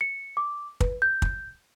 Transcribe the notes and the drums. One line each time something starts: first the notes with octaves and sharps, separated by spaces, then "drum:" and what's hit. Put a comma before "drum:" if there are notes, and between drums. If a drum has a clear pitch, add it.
C#7
D6
B4, drum: kick
G6
drum: kick